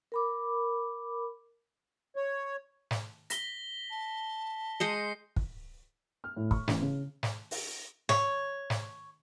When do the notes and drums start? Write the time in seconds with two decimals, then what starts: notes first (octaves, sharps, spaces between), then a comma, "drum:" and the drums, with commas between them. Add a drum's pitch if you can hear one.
0.12 A#4 B5 D6
2.16 C#5
2.91 drum: snare
3.30 A#6 B6 G7, drum: hi-hat
3.91 A5
4.80 G#3 C5 D#5 A#6 C7 C#7
5.36 drum: kick
6.24 F6
6.36 A2
6.51 C#6, drum: kick
6.68 A1, drum: snare
6.82 C#3
7.23 drum: snare
7.51 drum: open hi-hat
8.09 C#5, drum: snare
8.70 drum: snare